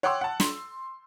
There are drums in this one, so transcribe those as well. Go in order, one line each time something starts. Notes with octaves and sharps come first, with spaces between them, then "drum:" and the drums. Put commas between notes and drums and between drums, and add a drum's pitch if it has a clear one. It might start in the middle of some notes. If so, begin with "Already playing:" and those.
C#5 F#5 G5 C6 D6 E6
F#5 A5
C6, drum: snare